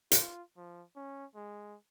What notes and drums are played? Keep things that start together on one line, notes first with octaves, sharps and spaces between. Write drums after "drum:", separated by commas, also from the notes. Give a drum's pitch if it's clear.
F4, drum: hi-hat
F3
C#4
G#3